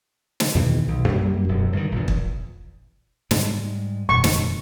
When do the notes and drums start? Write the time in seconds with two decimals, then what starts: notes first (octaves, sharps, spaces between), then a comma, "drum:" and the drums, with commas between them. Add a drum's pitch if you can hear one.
0.40 drum: snare
0.55 E2 B2 D#3 E3
0.88 B1
1.08 F#2 G3 A#3
1.48 D#1 F#2 B2 F3
1.73 G2 D3 D#3
1.92 A#1 E2
2.08 drum: kick
3.31 G#2 G3 G#3, drum: snare
4.09 D#1 F2 C#6
4.24 drum: snare